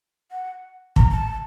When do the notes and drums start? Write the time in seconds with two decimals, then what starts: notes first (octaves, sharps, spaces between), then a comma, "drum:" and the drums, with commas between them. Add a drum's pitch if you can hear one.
0.31 F#5
0.96 A#5, drum: kick
1.11 A5